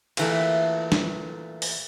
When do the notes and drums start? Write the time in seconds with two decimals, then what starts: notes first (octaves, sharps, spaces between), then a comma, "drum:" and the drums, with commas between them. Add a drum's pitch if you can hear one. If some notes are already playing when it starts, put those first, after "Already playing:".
0.17 A#2 E3 A3, drum: cymbal
0.92 drum: snare
1.62 drum: open hi-hat